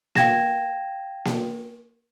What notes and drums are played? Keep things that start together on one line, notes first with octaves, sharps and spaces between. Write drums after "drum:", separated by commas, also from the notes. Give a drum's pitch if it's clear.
F5 G5 G#6 A#6 E7, drum: snare A#3
drum: snare A#3